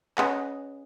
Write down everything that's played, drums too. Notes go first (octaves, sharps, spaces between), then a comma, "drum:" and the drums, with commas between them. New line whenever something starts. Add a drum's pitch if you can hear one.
C#4 G#4 B4 D#5 F#5, drum: clap